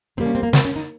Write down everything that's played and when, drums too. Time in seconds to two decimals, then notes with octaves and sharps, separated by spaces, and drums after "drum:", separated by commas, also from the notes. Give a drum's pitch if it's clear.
0.17 C3 G3 A#3 C4
0.26 C#4
0.35 C4
0.43 A#3
0.53 C4, drum: snare
0.65 C#4
0.76 D#4